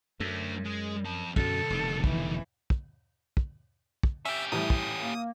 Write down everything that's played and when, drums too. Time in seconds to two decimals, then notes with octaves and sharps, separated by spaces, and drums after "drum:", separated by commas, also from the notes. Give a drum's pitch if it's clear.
0.20 F#2 A3 D4
0.65 G#3
1.05 F2 A5
1.36 F#2 B2 D3 F#3 A4, drum: kick
1.70 F1 D#3
2.04 E3, drum: kick
2.70 drum: kick
3.37 drum: kick
4.03 drum: kick
4.25 C#4 G4 E5
4.52 A2 E3 G3 D#6
4.70 drum: kick
5.00 A#3